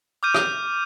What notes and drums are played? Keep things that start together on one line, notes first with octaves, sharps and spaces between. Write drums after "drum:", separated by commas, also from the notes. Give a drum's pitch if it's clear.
D6 F6 G6 D#7
drum: rim click